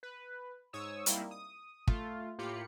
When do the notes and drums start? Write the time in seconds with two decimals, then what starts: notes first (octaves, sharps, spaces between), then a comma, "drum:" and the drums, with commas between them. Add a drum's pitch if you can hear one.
0.03 B4
0.73 G#2 C#5 C#6 D#6 E6
1.06 G3 A#3 C4 D#4 E4, drum: hi-hat
1.31 D#6
1.88 A3 F4, drum: kick
2.39 A2 A#3 F4 G4 B5 C#7